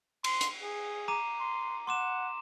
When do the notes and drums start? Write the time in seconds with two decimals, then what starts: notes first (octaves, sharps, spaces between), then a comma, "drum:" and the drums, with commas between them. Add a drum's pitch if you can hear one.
0.24 C6, drum: cymbal
0.41 drum: hi-hat
0.63 G#4
1.08 A#5 D6 D#7
1.40 C6
1.87 F#5 C6 D6 E7